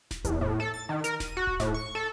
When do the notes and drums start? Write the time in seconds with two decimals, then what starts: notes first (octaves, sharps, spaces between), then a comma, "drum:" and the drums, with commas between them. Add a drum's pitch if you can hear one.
0.11 drum: snare D#1
0.25 E2, drum: kick D1, hi-hat
0.41 A2
0.60 A4
0.74 A6
0.89 D#3
1.04 A#4, drum: hi-hat
1.20 D#7, drum: snare D#1
1.37 F#4
1.47 drum: kick D1
1.60 A2, drum: snare D#1
1.74 C#6
1.95 A4